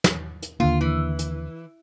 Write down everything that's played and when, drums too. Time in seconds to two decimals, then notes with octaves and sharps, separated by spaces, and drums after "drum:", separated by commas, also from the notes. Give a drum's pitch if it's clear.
0.04 drum: snare
0.42 drum: hi-hat
0.60 D#2 D3 A#3 F4
0.81 E3
1.19 drum: hi-hat